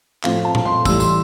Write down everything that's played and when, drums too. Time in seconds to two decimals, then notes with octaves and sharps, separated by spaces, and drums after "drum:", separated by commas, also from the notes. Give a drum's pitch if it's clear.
0.24 A2 F3 C4 F5, drum: clap
0.45 A5
0.55 drum: tom A#2
0.65 C6
0.85 A2 E3 G3 E6, drum: kick, tambourine
1.00 C6, drum: tambourine